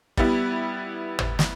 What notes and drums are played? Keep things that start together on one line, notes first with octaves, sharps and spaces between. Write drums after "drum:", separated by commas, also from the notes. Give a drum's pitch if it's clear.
G3 B3 E4, drum: kick
drum: tom G#1
drum: snare